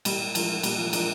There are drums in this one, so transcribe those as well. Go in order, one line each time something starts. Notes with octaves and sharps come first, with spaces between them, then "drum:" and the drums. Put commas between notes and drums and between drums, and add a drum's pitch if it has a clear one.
A#2 G3, drum: cymbal
F3 G#3 D4 F4 A#4, drum: cymbal
A#2 G3, drum: cymbal
F3
F3 G#3 D4 F4 A#4, drum: cymbal